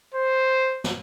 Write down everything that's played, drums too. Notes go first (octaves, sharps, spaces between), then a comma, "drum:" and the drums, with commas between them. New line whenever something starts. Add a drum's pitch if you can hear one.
C5
drum: snare